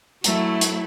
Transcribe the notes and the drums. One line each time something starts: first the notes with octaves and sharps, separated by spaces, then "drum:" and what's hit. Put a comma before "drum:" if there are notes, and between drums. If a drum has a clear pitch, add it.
F#3 A3 E4, drum: hi-hat
drum: hi-hat